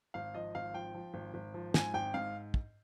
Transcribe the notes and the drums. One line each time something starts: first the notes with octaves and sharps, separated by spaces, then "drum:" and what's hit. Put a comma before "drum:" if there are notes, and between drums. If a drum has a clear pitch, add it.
G#1 F5
F3 D#5
G#1 F5
F3 G5
F3
G#1
G#1
F3
G#2 G#5, drum: snare
G#1 G5
G#2 F5
drum: kick